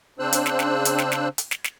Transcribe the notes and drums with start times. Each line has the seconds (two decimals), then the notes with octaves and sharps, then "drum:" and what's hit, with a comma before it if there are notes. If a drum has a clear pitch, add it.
0.19 C#3 C4 D4 C5 E6 F#6
0.32 drum: hi-hat
0.46 drum: snare
0.59 drum: snare
0.85 drum: hi-hat
0.98 drum: snare
1.12 drum: snare
1.38 drum: hi-hat
1.51 drum: snare
1.64 drum: snare